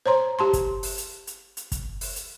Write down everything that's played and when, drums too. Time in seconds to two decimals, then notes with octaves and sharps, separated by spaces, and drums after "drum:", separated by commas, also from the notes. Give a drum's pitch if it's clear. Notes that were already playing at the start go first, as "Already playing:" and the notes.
0.06 C5 C#5 A#5 C6
0.39 G4 A5 C6
0.53 drum: kick, hi-hat
0.83 drum: open hi-hat
0.98 drum: hi-hat
1.27 drum: hi-hat
1.57 drum: hi-hat
1.72 drum: kick, hi-hat
2.01 drum: open hi-hat
2.16 drum: hi-hat